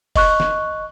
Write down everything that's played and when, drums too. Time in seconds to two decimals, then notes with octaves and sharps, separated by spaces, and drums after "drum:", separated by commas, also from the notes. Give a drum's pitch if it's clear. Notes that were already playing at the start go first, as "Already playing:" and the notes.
0.16 D#5 C#6 F#6, drum: kick F1, open hi-hat
0.40 drum: snare